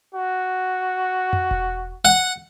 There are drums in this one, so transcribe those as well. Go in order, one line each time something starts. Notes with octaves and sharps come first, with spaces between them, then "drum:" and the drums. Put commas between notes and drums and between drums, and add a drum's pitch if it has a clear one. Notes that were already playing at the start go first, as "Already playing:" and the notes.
F#4
drum: tom F2
drum: kick E1
F#5